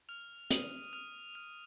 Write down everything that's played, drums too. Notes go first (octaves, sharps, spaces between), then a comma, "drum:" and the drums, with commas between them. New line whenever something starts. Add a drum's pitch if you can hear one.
F6 F7
D#6 D#7, drum: hi-hat
F6 F7
F6 F7